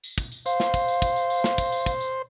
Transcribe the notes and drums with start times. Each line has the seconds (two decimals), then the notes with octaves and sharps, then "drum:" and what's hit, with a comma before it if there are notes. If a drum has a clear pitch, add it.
0.04 drum: tambourine
0.18 drum: kick, tambourine
0.32 drum: tambourine
0.46 C5 F5, drum: tambourine
0.60 drum: snare
0.74 drum: kick, tambourine
0.88 drum: tambourine
1.02 drum: kick, tambourine
1.16 drum: tambourine
1.30 drum: tambourine
1.44 drum: snare
1.58 drum: kick, tambourine
1.72 drum: tambourine
1.86 drum: kick, tambourine
2.00 drum: tambourine